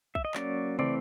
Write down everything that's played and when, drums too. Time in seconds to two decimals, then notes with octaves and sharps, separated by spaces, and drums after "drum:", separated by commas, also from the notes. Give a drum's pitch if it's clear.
0.15 E5, drum: kick
0.25 D#5
0.34 F#3 A#3 C#4 D5, drum: clap
0.79 E3 A3 C4 D5, drum: tom